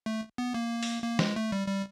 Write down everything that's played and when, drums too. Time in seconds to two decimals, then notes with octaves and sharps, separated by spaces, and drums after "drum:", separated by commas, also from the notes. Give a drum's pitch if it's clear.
0.06 A3
0.38 B3
0.54 A#3
0.83 drum: open hi-hat
1.04 A#3
1.19 G#3, drum: snare
1.36 A3
1.52 G3
1.68 G3